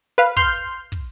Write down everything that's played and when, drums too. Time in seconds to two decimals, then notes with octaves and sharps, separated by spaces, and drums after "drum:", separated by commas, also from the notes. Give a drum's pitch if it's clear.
0.18 B4 F5
0.37 C6 F6 G6, drum: kick
0.92 drum: kick